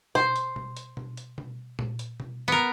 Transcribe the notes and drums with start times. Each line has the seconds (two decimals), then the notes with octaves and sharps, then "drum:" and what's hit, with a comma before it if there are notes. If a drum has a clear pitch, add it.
0.15 C5, drum: tom B2
0.36 drum: hi-hat
0.56 drum: tom B2
0.77 drum: hi-hat
0.97 drum: tom B2
1.17 drum: hi-hat
1.38 drum: tom B2
1.79 drum: tom A#2
1.99 drum: hi-hat
2.20 drum: tom B2
2.48 B3 A#4